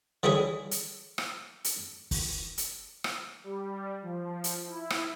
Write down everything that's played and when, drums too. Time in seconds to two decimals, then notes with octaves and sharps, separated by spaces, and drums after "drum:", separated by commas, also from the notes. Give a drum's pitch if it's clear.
0.23 D3 E3 G3 E4 G#4 C#5
0.71 drum: hi-hat
1.18 drum: rim click
1.64 drum: hi-hat
2.11 drum: kick, open hi-hat
2.58 drum: hi-hat
3.04 drum: rim click
3.44 G3
4.03 F3
4.44 drum: hi-hat
4.67 E4
4.90 drum: rim click